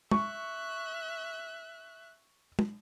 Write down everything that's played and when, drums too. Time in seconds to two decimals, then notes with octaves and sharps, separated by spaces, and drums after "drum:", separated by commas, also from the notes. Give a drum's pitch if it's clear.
0.11 E5 C#6 F#6, drum: tom
2.59 drum: tom